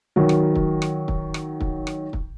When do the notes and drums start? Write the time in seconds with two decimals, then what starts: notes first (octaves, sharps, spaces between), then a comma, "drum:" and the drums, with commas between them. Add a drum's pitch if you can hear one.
0.16 D#3 F#3
0.29 drum: rim click
0.55 drum: kick
0.82 drum: rim click
1.08 drum: kick
1.34 drum: rim click
1.60 drum: kick
1.87 drum: rim click
2.13 drum: kick